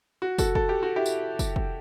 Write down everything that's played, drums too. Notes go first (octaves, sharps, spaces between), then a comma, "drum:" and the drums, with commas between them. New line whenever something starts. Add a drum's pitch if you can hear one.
F#4
F#4 A4, drum: kick, tambourine
A4, drum: kick
G4
F#4
E4 G4
drum: tambourine
drum: kick, tambourine
drum: kick